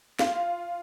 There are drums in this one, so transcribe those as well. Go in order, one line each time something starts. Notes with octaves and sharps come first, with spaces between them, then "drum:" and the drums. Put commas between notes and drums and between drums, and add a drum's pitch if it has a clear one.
F4, drum: snare